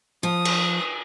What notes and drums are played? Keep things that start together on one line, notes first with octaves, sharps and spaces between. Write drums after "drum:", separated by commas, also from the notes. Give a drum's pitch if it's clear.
F3 D#6
drum: cymbal